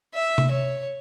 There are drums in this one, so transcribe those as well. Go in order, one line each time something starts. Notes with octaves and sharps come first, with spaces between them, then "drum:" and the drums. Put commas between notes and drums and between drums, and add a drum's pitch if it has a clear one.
E5
drum: tom C3
C#5